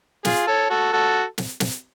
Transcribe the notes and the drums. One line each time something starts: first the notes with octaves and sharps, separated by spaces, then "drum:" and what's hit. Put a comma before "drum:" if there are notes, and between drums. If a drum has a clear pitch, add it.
F4 G#4, drum: snare
A4 C#5
F#4 A4
F#4 A4
drum: snare
drum: snare